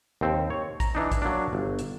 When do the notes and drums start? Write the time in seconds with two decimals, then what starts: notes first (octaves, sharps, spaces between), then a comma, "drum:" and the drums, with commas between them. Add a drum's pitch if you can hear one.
0.21 D#2 C4
0.50 C#5
0.80 A#5, drum: kick, hi-hat
0.95 E3 D4 D#4
1.12 drum: kick, hi-hat
1.22 F#3 A#3 D4
1.53 G1
1.79 drum: hi-hat